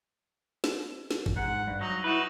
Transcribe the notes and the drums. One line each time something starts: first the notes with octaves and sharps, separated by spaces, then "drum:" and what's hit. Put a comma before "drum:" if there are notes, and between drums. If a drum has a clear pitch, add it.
drum: snare
drum: snare
drum: kick
G#2 F#5
G2
F#3 D#4
D#4 E4 F#4 B4